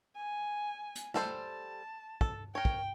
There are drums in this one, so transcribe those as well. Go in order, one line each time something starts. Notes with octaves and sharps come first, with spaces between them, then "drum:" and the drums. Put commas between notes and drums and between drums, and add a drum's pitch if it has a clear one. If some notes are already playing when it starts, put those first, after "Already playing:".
G#5
drum: hi-hat
G3 A4 C5 A5, drum: snare
A4, drum: kick
A#4 C#5 G5
drum: kick